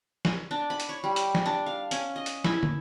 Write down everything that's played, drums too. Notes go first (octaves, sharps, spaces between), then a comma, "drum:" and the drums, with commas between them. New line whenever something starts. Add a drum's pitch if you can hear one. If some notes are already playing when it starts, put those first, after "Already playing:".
drum: snare
D4
B5
drum: hi-hat
C#5
G3
drum: hi-hat
drum: snare
D4
F5
C#4, drum: hi-hat
D#5
drum: hi-hat
E4, drum: snare
drum: tom